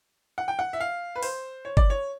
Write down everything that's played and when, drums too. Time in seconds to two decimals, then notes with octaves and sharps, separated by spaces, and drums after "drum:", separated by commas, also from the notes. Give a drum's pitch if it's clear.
0.38 F#5
0.48 G5
0.59 F#5
0.73 E5
0.80 F5
1.16 B4
1.23 C5, drum: open hi-hat
1.65 C#5
1.77 D5, drum: kick G1
1.90 C#5